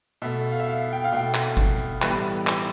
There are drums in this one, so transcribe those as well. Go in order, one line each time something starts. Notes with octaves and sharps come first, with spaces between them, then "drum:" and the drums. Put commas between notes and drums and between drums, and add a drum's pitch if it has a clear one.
B2 A3 E5
F5
E5
F5
G5
F5
B2 A3 G5
drum: clap
drum: kick G1
A2 E3 G3 B3, drum: clap
drum: clap